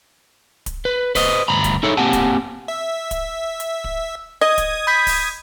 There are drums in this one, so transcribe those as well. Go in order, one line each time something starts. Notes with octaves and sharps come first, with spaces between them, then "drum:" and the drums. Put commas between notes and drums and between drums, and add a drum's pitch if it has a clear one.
drum: kick, hi-hat
B4
B4 C5 D#5, drum: kick, open hi-hat
D2 G2 A#5 B5
drum: kick, hi-hat
D#4 E4 G#4 A4 C#5
A#3 C4 G4 F#5 G#5 A5
drum: kick, hi-hat
E5
drum: kick, hi-hat
drum: hi-hat
drum: kick
D#5 D#6 G#6
drum: kick, hi-hat
B5 G6 B6
drum: kick, open hi-hat